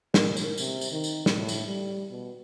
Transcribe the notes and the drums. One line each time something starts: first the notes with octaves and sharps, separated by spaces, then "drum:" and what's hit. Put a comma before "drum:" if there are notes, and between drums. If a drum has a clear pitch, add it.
A#4, drum: snare
drum: tambourine
C3, drum: tambourine
drum: tambourine
D#3
drum: tambourine
drum: snare
A2
drum: tambourine
G3
B2